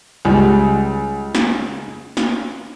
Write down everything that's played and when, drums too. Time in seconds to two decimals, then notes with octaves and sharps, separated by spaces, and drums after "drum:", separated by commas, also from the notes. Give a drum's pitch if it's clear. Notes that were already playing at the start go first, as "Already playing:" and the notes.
0.25 C#2 G3
1.35 drum: snare
2.17 drum: snare